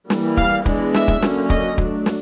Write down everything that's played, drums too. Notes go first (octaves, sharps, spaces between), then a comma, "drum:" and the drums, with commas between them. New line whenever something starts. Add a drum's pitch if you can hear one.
E3 G3 A#3, drum: snare
F5, drum: kick
E3 G#3 B3 D4, drum: kick
E5, drum: snare
drum: kick
D3 F#3 A#3 C#4, drum: snare
D#5, drum: kick
F#3 A3 D4, drum: kick
drum: snare